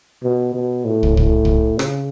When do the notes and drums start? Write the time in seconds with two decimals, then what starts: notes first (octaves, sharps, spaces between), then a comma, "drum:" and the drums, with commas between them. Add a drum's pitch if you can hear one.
0.23 B2
0.54 B2
0.85 A2
1.03 drum: kick
1.17 A2, drum: kick
1.45 drum: kick
1.79 C#3, drum: rim click